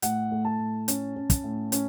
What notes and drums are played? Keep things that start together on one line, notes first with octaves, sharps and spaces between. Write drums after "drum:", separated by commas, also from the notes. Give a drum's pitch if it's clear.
A2 F#5, drum: hi-hat
A3
A5
A2
C#4, drum: hi-hat
C#4
drum: kick, hi-hat
A2
C#4, drum: hi-hat